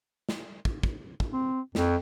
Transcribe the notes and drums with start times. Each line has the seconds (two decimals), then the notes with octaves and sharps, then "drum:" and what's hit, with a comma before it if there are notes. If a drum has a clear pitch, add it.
0.29 drum: snare
0.65 drum: kick
0.83 drum: kick
1.20 drum: kick
1.33 C4
1.75 F2, drum: snare